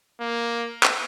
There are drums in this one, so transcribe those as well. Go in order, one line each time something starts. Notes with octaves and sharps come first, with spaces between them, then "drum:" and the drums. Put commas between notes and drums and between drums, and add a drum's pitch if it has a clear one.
A#3
drum: clap